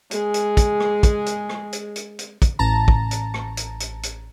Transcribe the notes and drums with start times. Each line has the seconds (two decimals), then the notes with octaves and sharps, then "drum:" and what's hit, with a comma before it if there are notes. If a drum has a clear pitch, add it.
0.11 G#3 G#4, drum: hi-hat
0.34 drum: hi-hat
0.57 drum: kick, hi-hat
0.80 drum: rim click
1.03 drum: kick, hi-hat
1.26 drum: hi-hat
1.49 drum: rim click
1.72 drum: hi-hat
1.96 drum: hi-hat
2.19 drum: hi-hat
2.42 drum: kick, hi-hat
2.59 A1 A5 A#5
2.88 drum: kick
3.11 drum: hi-hat
3.34 drum: rim click
3.57 drum: hi-hat
3.80 drum: hi-hat
4.03 drum: hi-hat